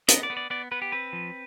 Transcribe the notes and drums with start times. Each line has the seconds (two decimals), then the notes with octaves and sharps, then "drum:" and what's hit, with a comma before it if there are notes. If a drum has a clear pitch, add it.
0.08 B3 D#5, drum: hi-hat
0.23 D5
0.30 B3
0.37 D5
0.50 B3 D5
0.71 B3 B4
0.82 G4
0.92 C4 B4
1.13 F3